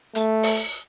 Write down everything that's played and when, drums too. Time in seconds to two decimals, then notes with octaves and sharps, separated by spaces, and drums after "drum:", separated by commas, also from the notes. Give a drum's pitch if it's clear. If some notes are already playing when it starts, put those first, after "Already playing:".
0.15 A3, drum: hi-hat
0.43 drum: open hi-hat